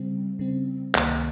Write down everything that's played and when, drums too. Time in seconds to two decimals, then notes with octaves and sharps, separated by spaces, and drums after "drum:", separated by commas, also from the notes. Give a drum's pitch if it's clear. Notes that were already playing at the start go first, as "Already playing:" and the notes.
Already playing: C#3 G3 C4
0.39 C#3 G3 C4
0.95 C#2 C3 D#3 A#3, drum: clap